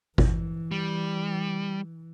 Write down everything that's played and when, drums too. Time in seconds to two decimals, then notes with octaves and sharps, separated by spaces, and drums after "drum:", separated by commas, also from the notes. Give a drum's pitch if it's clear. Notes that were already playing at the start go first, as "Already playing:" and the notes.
0.18 E3, drum: kick G#1
0.71 G3